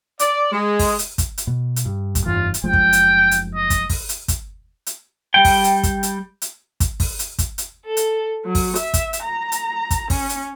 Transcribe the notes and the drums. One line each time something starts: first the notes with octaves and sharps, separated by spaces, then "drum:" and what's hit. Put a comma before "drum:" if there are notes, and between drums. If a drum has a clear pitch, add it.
D5, drum: hi-hat
G#3
drum: kick, open hi-hat
drum: hi-hat
drum: kick, hi-hat
drum: hi-hat
B2
drum: hi-hat
G2
drum: kick, hi-hat
F1 G2 E3 F4
drum: hi-hat
F#1 F3 G#3 G5
drum: kick
drum: hi-hat
drum: hi-hat
D#5
drum: kick, hi-hat
drum: kick, open hi-hat
drum: hi-hat
drum: kick, hi-hat
drum: hi-hat
G3 G5
drum: kick, open hi-hat
drum: hi-hat
drum: kick, hi-hat
drum: hi-hat
drum: hi-hat
drum: kick, hi-hat
drum: kick, open hi-hat
drum: hi-hat
drum: kick, hi-hat
drum: hi-hat
A4
drum: hi-hat
F#3
drum: kick, open hi-hat
E5, drum: hi-hat
drum: kick, hi-hat
drum: hi-hat
A#5
drum: hi-hat
drum: kick, hi-hat
C#4, drum: kick, open hi-hat
drum: hi-hat